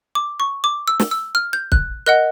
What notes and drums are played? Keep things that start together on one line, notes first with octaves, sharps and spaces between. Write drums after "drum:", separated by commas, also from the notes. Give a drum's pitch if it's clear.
D6
C#6
D6
E6
drum: snare
E6
F6
G6
F#6, drum: kick
A#4 D#5 F#5 F#6